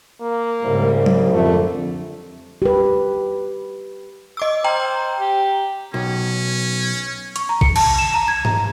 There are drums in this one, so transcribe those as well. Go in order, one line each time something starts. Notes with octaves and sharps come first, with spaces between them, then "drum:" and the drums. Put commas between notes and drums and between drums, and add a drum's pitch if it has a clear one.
A#3
C2 G#2 C#3 G3
drum: tom F#3
F2 D3 A3
G4 B4
D#5 D6 E6
C5 G5 A#5
G4
B1 C#4
C#6, drum: hi-hat
A#5
C#7, drum: kick A#1
A5, drum: cymbal
E7
A#5
G#6
A#5, drum: tom G#2